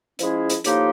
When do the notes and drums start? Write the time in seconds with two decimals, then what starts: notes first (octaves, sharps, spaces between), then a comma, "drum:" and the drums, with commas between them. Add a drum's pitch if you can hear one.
0.19 F3 G#3 C#4 E4 G#4, drum: hi-hat
0.50 drum: hi-hat
0.64 A2 F3 A#3 D#4 G4, drum: hi-hat